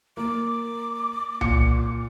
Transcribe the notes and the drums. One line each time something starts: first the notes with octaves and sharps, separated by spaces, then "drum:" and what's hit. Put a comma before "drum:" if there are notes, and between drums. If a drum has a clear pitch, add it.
A#3 D6
A#2 C#7, drum: tom C2